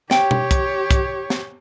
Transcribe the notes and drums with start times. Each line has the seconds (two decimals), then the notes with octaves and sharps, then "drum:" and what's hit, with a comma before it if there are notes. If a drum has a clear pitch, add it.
0.11 G4 C#5 G5, drum: snare
0.31 drum: tom
0.51 drum: kick, hi-hat
0.91 drum: kick, hi-hat
1.30 drum: snare